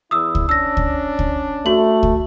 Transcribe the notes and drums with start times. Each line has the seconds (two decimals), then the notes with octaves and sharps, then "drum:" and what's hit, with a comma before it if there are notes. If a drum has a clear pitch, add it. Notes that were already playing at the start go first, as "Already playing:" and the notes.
0.11 E2 E4 D#6 E6
0.35 drum: kick C#2
0.49 C#4 D4 E6 A#6
0.77 drum: kick C#2
1.19 drum: kick C#2
1.66 A3 F#4 F#7
2.03 drum: kick C#2